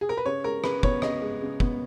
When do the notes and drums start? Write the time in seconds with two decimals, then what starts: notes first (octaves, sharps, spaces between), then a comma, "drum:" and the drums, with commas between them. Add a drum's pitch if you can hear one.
0.01 G#4
0.09 A#4
0.17 B4
0.26 C#3 C#5
0.44 G#3 A#4
0.64 C#3 B4, drum: rim click
0.83 B3 C#5, drum: kick
1.02 C#3 D#5, drum: rim click
1.22 G#3
1.41 C#3
1.60 B3, drum: kick